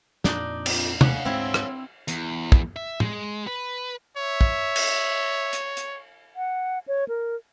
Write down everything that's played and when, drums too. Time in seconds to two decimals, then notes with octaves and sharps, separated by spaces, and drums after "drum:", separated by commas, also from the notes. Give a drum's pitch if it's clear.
0.24 F2 A#2 D4 D#4, drum: snare
0.66 C4 F4, drum: cymbal
1.01 D#2 A3 C#5 F5 F#5, drum: tom
1.25 D2 G#2 C4 E4
1.54 drum: rim click
2.08 E2, drum: hi-hat
2.52 drum: kick
2.76 E5
3.00 G#3, drum: tom
3.47 B4
4.18 C#5 E5
4.41 drum: kick
4.76 drum: cymbal
5.53 drum: hi-hat
5.77 drum: hi-hat
6.36 F#5
6.88 C#5
7.09 A#4